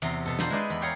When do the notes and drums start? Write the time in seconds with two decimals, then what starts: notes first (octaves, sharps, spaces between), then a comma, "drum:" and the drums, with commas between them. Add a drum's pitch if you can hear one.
0.02 E2 C3 A#5 C6, drum: cymbal
0.26 B2 A4
0.39 D4 F4 C5 A#5 B5, drum: snare
0.50 G#3 D#4 E4 B4 D5 D#5
0.70 E2 B5
0.81 G#4 A#4 C#5 D5 F5 G5